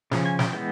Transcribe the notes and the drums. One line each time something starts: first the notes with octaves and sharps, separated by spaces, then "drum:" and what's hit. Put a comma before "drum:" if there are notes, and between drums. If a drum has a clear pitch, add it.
C#3 F3 C#4, drum: snare
G#5
G5, drum: snare
E3 G#3 B3 G5